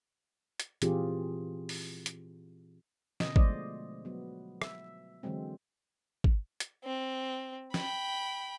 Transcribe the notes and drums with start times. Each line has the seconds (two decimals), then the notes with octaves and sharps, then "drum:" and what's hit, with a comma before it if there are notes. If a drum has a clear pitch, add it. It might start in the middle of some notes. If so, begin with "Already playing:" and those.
0.60 drum: hi-hat
0.82 A#2 E3 C4 F4 G4 G#4, drum: hi-hat
1.69 drum: open hi-hat
2.06 drum: hi-hat
3.20 B2 D3 D#5, drum: snare
3.36 F3 G#3 A3 C5 D5 D#5, drum: kick
4.05 F#3 B3
4.62 E5, drum: rim click
5.23 D3 E3 F#3 G#3 C4
6.24 drum: kick
6.60 drum: hi-hat
6.84 C4
7.74 G5 B5, drum: snare